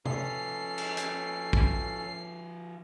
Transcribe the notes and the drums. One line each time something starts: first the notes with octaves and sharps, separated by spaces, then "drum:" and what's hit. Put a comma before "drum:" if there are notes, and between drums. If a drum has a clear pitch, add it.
F3 C#4 A4 B4 C7, drum: tom
drum: cymbal
drum: hi-hat
drum: kick